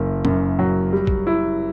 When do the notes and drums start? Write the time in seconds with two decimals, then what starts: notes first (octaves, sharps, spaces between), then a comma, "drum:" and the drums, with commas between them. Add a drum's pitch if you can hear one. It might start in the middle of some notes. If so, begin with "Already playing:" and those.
Already playing: F#1 F#2
0.25 F#2, drum: tom
0.59 F#3
0.93 G3
1.07 drum: kick
1.27 E4